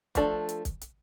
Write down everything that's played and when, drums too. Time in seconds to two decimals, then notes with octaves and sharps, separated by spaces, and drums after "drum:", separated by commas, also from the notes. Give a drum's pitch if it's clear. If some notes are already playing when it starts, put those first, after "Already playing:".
0.15 F3 A3 D4 A4, drum: kick, hi-hat
0.49 drum: hi-hat
0.65 drum: kick, hi-hat
0.81 drum: hi-hat